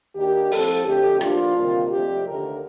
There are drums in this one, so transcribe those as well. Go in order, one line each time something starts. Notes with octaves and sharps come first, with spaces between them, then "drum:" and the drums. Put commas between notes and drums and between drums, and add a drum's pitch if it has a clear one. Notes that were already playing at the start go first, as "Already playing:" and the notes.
D#2 D#3 A#3 D4 G4
A2 F3 C4 A4, drum: open hi-hat
F2 D3 A3 C4 G4
A2 F3 A#3 D4 F4, drum: rim click
D2 C3 D#3 G3 A#3
F2 C3 F3 A3 D4 G4
D#2 D3 A3 A#4